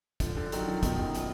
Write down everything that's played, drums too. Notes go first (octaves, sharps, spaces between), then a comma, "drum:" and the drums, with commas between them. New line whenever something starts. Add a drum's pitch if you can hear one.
D3 F3, drum: kick, hi-hat
D3 F3
D#3 F#3, drum: hi-hat
D3 F3
B2 D#3, drum: kick, hi-hat
F#2 A#2
A#2, drum: hi-hat